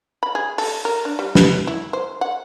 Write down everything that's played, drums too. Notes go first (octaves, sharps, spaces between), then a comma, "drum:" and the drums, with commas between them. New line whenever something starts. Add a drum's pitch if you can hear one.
B5
G#4
A4, drum: open hi-hat
A#4
D4
G3
B4, drum: snare
E4
C5
F#5